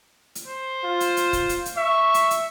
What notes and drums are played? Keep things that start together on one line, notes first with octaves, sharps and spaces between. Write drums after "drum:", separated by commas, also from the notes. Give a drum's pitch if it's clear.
drum: hi-hat
C5
F4
drum: hi-hat
drum: hi-hat
drum: kick, hi-hat
drum: hi-hat
drum: hi-hat
E5 C#6
drum: hi-hat
drum: hi-hat